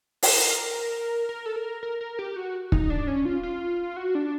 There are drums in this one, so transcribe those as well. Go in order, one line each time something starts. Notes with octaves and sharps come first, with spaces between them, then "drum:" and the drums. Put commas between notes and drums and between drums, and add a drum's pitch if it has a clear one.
A#4, drum: open hi-hat
A#4
A4
A#4
A#4
A#4
G4
F#4
D#4, drum: kick
D4
C#4
F4
F4
F#4
D4